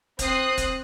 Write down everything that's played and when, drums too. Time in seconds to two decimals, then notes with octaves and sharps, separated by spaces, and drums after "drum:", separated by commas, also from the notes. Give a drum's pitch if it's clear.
0.19 C4 D#6 F#6 C7, drum: kick, hi-hat
0.58 drum: kick, hi-hat